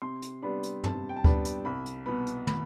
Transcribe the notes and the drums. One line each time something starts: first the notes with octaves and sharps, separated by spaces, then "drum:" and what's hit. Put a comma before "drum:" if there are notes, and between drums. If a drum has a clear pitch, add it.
C3 C6
drum: hi-hat
G3 B3 D4 B5
drum: hi-hat
C3 A5, drum: tom
G5
A5
G3 B3 D4 B5, drum: kick D2
B5, drum: hi-hat
C2 B5
drum: hi-hat
B2 B3 B5
drum: hi-hat
B5, drum: tom